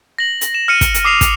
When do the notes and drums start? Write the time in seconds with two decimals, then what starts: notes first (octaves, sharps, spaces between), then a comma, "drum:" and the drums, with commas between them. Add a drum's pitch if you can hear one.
0.18 A#6 F#7
0.41 drum: hi-hat
0.54 E7
0.68 F6 C#7 D#7
0.81 drum: kick, hi-hat
0.94 drum: hi-hat
1.05 D6 D#6 C7 E7 F7
1.21 drum: kick, hi-hat